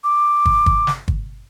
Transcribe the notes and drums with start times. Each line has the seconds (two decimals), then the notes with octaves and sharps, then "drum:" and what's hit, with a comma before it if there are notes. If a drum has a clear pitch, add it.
0.04 D6
0.46 drum: kick
0.66 drum: kick
0.87 drum: snare
1.08 drum: kick